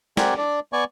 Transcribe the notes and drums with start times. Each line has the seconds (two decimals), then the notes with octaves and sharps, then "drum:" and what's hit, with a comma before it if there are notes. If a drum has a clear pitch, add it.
0.17 C4 G4 A#4 D5 F#5 G#5, drum: snare
0.37 D4 D5
0.73 B3 D5 G#5 C#6